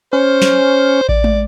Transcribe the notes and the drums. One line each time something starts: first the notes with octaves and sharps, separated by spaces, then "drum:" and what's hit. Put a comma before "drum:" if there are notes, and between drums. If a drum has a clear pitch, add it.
C#4 C5
drum: snare
D5, drum: kick A1
drum: tom G#3